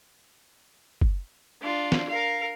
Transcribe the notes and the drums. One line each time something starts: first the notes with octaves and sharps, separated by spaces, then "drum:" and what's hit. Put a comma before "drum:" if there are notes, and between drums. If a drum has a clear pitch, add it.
drum: kick F#1
D4 F4
drum: snare
A#4 F5